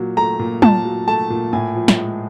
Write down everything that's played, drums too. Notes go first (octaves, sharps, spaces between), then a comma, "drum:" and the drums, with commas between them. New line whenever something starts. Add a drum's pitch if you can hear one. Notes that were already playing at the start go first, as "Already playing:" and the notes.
Already playing: A#2 F#3
A3 A#5
A#2
A#2 A5, drum: tom
F#3
A3 A5
A#2
A2 G#5
F3
drum: snare
G#3